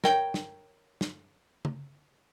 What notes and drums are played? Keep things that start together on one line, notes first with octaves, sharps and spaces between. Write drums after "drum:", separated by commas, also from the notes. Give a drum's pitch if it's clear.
A#4 C#5 G5, drum: snare
drum: snare
drum: snare
drum: tom C#3